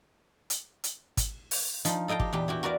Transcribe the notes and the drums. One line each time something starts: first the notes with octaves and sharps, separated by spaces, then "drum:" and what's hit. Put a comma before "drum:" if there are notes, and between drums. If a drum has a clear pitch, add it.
drum: hi-hat
drum: hi-hat
drum: kick G#1, hi-hat
drum: open hi-hat
F3 D#4 F4, drum: hi-hat
A4 D#5 F5 G5 A#5
G4, drum: kick G#1
E2 A#2 G4
E3 F#4 G4
F#4 A#4 B4 D5 F5